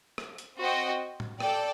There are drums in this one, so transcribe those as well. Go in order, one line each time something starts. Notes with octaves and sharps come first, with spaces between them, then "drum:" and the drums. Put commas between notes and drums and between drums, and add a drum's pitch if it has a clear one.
drum: rim click
drum: hi-hat
C4 F#4 C5 D#5 G5
drum: tom A2
A4 D5 G5, drum: rim click